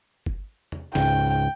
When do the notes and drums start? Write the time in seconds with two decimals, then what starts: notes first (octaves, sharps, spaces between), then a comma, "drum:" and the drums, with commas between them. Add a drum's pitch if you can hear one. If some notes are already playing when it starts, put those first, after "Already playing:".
0.26 drum: kick
0.72 drum: tom E2
0.95 C#2 G#2 C#3 G5, drum: snare